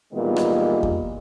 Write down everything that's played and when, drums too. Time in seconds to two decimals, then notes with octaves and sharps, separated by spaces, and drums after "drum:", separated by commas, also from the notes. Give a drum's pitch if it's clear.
0.13 A#2 D#3 E3 G3 G#3 B3
0.36 drum: rim click
0.83 drum: kick E2